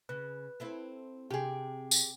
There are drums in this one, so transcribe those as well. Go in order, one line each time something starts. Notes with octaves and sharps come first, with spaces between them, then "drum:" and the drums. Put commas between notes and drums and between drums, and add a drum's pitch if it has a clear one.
C#3 B4
C4 E4 A4
C3 G4 G#4 G5
drum: tambourine